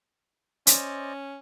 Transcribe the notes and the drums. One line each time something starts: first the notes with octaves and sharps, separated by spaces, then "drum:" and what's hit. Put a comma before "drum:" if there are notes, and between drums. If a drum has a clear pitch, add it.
C#4 C5 D5 D#5, drum: hi-hat